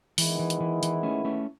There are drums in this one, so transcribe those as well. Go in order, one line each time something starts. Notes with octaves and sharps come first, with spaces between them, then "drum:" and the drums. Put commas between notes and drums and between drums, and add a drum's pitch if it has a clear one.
D#3 E3 G#3 B3 E4, drum: open hi-hat
E3
drum: hi-hat
E3
E3, drum: hi-hat
A3 C#4
A3 C#4